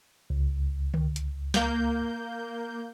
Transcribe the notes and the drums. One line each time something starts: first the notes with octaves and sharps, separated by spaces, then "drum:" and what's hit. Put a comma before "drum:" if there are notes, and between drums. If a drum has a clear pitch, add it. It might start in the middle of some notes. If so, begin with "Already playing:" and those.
C#2
drum: tom D3
drum: hi-hat
A#3 G6, drum: snare